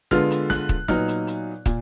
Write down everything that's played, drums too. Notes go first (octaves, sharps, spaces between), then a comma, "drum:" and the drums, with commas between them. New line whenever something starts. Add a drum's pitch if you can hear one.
D3 G#3 B3 F4 F6, drum: snare
drum: hi-hat
F#6, drum: snare
drum: kick
A#2 F#3 B3 D#4 F6, drum: snare
drum: hi-hat
drum: hi-hat
A#2, drum: kick, hi-hat